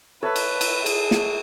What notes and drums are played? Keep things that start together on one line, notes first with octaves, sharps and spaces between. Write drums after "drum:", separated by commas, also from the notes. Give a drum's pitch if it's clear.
A4 B4 C#5 E5
drum: cymbal
drum: cymbal
G#4, drum: cymbal
drum: snare